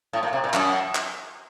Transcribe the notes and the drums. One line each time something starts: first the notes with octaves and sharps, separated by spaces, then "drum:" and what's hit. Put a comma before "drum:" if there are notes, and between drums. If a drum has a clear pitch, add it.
A2
A#2
C3
A#2
F#2, drum: clap
drum: clap